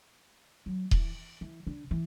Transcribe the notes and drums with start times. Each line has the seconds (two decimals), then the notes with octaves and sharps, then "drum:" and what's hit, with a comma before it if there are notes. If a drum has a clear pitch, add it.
0.66 F#3
0.91 E3, drum: kick D#1
1.41 E3
1.67 D3
1.91 E3